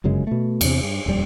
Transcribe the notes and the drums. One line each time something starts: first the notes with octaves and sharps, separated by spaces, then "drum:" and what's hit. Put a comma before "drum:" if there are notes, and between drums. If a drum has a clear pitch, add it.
G1 F#2 C#3 G#3
B2 A3
E2 C3, drum: cymbal
G2
D#1 F2 G3